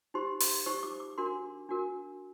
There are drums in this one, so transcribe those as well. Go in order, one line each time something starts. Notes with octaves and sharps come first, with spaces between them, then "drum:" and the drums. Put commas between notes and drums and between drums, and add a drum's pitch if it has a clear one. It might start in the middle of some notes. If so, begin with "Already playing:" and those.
D#4 G4 C5 C6
C6, drum: open hi-hat
D#4 G4 C5 C#6
D6
D6
D4 F#4 A#4 C6
D4 F#4 A#4